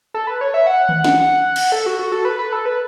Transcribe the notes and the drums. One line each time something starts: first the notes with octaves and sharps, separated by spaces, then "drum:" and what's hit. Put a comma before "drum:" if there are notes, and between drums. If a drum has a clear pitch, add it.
A4
B4
C#5
E5
F#5
drum: tom D#3
drum: snare
F#5
drum: cymbal
A4
F#4
F#4
A4
B4
B4
A4
B4